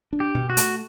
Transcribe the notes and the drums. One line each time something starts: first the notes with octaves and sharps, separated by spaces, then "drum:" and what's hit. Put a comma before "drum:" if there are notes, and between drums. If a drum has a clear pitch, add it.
D4
G4
B2
F#4
A3, drum: hi-hat